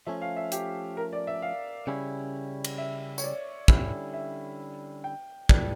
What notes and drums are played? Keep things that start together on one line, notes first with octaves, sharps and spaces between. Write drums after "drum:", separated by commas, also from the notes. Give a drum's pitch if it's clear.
F3 A3 C#4 E5
F5
E5
G4, drum: hi-hat
A#4
D5
E5
F5
C#3 G3 C#4 E4
drum: cymbal
E5
C#5, drum: tambourine
D5
D3 G3 C#4 E4, drum: kick
E5
G5
A2 E3 G3 D4, drum: kick